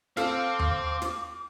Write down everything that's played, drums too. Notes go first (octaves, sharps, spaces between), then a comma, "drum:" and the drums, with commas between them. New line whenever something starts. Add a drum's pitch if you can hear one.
C4 A4 F5 D6, drum: snare
drum: tom D#2
drum: snare